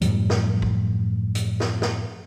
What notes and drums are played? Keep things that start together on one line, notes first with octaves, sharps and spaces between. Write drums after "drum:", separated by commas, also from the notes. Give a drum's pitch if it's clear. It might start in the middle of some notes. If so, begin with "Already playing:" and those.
F#2 A2 F3 G3, drum: hi-hat
drum: snare
drum: kick
drum: hi-hat
drum: snare
drum: snare